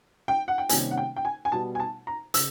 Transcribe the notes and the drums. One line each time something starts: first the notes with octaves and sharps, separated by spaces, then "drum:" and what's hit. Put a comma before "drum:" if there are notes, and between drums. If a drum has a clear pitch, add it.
G5
F#5
G5
C3 D#3 G3 A#3 C#4 G#5, drum: hi-hat
F#5
G5
G5
G#5
G#5
B2 G3 B3 A5
G#5
A5
A#5
C#3 E6, drum: hi-hat